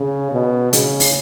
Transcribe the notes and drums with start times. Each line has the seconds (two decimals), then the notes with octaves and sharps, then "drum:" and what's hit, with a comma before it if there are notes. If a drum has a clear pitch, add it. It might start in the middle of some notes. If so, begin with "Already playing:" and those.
Already playing: C#3
0.32 B2
0.73 C#3, drum: hi-hat
1.00 drum: open hi-hat